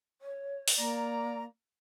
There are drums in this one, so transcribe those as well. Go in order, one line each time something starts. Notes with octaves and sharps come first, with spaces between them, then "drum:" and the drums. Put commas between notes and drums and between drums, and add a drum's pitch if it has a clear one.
C#5
drum: open hi-hat
A#3 D5 A#5